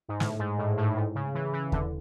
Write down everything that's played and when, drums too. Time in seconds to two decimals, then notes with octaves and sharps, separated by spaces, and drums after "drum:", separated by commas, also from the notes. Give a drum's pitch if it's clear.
0.08 G#2
0.20 A2, drum: snare
0.39 G#2
0.58 A2
0.77 A2
0.96 G#2
1.15 C#3
1.34 E3
1.53 E3
1.72 D3, drum: kick D#2